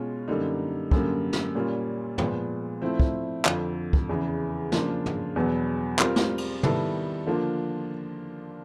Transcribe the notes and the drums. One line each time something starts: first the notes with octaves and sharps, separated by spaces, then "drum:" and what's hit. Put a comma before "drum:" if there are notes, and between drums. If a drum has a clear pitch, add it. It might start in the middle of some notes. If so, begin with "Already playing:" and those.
Already playing: B2 G#3 C#4 F4
F#2 D3 G3 A#3 D#4
F#2 D3 G3 A#3, drum: kick
drum: snare
A#2 G3 A#3 C#4 F4
A#2 F3 G#3 B3, drum: tom
F3 A3 C4 E4
drum: kick
F2 D3 F3, drum: clap
drum: kick
E2 C#3 E3
C#3 F3 A#3 D4 F4, drum: snare
drum: tom
E2 B2 F#3 B3
G3 C4 F4 A#4, drum: clap
drum: snare
drum: cymbal
D#3 G3 B3 E4 A4, drum: tom
D3 F3 A#3 D4 F4